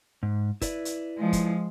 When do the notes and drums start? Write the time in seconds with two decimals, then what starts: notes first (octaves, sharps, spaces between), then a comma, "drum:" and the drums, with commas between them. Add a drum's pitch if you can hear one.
0.23 G#2
0.61 E4 B4 D5, drum: kick, hi-hat
0.85 drum: hi-hat
1.17 F3 G#3
1.33 drum: kick, hi-hat